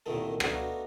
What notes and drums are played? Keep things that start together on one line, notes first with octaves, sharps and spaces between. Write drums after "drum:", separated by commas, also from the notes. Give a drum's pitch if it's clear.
C2 F#2 A#2 D#3 A3
A3 B3 D4 D#4 F#4 F5, drum: rim click